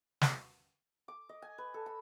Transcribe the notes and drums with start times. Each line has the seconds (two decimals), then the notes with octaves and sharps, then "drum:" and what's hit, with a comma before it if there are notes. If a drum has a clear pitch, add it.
0.21 drum: snare
1.08 D6
1.29 D#5
1.42 G#5
1.58 B4
1.74 A4
1.86 B5